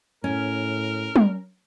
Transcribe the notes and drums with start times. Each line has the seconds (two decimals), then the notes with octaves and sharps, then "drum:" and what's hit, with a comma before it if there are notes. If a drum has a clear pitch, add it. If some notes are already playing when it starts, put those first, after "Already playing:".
0.24 A2 C#4 A#4
1.16 drum: tom